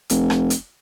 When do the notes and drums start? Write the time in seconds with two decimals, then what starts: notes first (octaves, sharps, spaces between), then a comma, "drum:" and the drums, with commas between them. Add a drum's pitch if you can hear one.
0.10 F1, drum: hi-hat
0.30 drum: rim click
0.50 drum: hi-hat